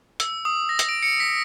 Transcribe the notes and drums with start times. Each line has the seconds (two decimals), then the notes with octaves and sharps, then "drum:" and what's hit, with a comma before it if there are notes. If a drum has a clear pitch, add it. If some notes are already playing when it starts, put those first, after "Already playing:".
0.20 E6, drum: hi-hat
0.45 D#6
0.69 A#6
0.79 drum: hi-hat
0.89 D7
1.03 C#7
1.20 B6